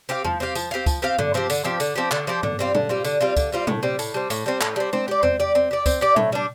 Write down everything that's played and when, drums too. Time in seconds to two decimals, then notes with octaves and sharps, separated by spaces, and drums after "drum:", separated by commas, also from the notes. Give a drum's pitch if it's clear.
0.09 C4 G4 F5
0.25 F3, drum: tom E2
0.40 C4 G4 F5
0.55 F3, drum: tambourine
0.71 C4 G4 F5
0.86 F3, drum: kick C#2, tambourine
1.02 C4 G4 F5
1.19 D3, drum: tom G2
1.34 F3 C4 G4
1.50 D3, drum: tambourine
1.64 F3 C4 G4
1.80 D3, drum: tambourine
1.96 F3 C4 G4
2.11 D3, drum: clap
2.27 F3 C4 G4
2.43 D3, drum: tom G2
2.59 G3 C4 F4
2.75 D3, drum: tom
2.89 G3 C4 F4
3.04 D3, drum: tambourine
3.21 G3 C4 F4
3.37 D3, drum: kick C#2, tambourine
3.52 G3 C4 F4
3.67 A2, drum: tom
3.83 G3 C4
3.99 A2, drum: tambourine
4.14 G3 C4
4.30 A2, drum: tambourine
4.46 G3 C4
4.61 A2, drum: clap
4.76 G3 C4
4.93 C4, drum: tom G#3
5.08 G4 D5
5.23 C4, drum: tom E2
5.40 G4 D5
5.55 C4
5.71 G4 D5
5.86 C4, drum: kick C#2, tambourine
6.01 G4 D5
6.16 A2, drum: tom
6.32 G3 D4